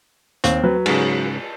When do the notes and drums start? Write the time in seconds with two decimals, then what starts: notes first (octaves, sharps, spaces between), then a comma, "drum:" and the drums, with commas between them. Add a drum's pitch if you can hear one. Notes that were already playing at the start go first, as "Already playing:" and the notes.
0.44 D#2 C4, drum: hi-hat
0.63 F#3 B4
0.86 G#2 C#3, drum: cymbal